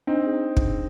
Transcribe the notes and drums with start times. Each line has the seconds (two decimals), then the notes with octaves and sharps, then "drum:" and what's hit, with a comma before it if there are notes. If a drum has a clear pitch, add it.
0.07 C4 D4 D#4
0.27 G#4
0.57 drum: kick